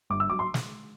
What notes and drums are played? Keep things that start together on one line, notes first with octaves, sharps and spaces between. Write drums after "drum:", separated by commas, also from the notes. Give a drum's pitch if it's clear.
G1 D6
E6
F#3 D6
C6
drum: snare